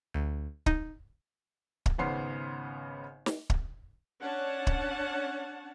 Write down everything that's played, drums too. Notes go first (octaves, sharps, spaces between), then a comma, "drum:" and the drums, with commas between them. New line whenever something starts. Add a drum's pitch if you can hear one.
D2
D#4, drum: kick
drum: kick
G#1 C#3 B3 C6 C7
drum: snare
drum: kick
C#4 D4 C#5 F#5 A5
drum: kick